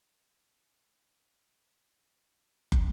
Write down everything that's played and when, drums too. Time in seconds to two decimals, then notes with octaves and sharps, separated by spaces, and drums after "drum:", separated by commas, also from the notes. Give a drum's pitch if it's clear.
0.06 D#2 E5 B5 C6
2.72 drum: kick